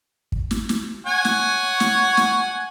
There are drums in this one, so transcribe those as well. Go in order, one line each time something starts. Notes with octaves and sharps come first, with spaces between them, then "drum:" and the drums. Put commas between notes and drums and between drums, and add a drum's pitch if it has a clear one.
drum: kick
drum: snare
drum: snare
C#5 F#5 G#5
drum: snare
drum: snare
drum: snare